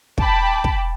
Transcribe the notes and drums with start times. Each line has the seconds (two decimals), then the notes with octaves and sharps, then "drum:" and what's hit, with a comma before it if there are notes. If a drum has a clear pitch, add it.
0.18 G5 A5 B5 D6, drum: kick
0.64 drum: kick